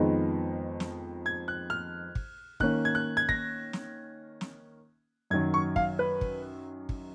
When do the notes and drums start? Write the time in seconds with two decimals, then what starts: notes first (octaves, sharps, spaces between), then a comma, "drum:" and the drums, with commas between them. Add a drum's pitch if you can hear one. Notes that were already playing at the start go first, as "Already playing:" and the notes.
Already playing: F2 D#3 G#3 B3 D#4
0.80 drum: snare
1.26 G#6
1.48 F#6
1.70 F6
2.15 drum: kick
2.60 D#3 A#3 C#4 F#6, drum: kick
2.85 G#6
2.95 F#6
3.17 G#6
3.29 A#6, drum: kick
3.73 drum: snare
4.41 drum: snare
5.30 F#2 D#3 F#3 G#6
5.54 C#6
5.76 F5, drum: kick
5.99 B4
6.21 drum: kick
6.89 drum: kick